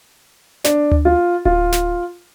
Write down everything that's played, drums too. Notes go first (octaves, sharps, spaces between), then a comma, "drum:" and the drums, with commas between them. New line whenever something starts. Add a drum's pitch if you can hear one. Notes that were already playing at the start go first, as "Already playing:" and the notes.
D4, drum: snare
drum: tom D2
F4
F4, drum: kick D1
drum: snare